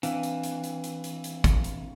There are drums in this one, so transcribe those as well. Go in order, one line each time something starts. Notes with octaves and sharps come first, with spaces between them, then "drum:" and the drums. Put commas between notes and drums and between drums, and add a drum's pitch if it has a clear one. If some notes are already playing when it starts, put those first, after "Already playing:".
E3 C4 D4 F5, drum: hi-hat
drum: hi-hat
drum: hi-hat
drum: hi-hat
drum: hi-hat
drum: hi-hat
drum: hi-hat
drum: kick, hi-hat
drum: hi-hat